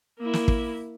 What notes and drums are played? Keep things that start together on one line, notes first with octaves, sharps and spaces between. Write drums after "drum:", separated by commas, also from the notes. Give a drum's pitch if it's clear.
A#3 E4
drum: snare
drum: kick